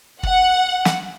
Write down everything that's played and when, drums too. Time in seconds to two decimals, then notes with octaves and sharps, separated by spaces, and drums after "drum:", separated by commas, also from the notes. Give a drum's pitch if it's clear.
0.23 F#5, drum: kick
0.85 drum: snare